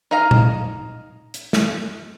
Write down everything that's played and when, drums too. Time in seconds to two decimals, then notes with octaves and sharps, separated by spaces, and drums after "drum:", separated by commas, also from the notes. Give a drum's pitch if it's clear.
0.11 D#4 D#5 F5 A#5
0.31 drum: tom A#2
1.34 drum: hi-hat
1.53 drum: snare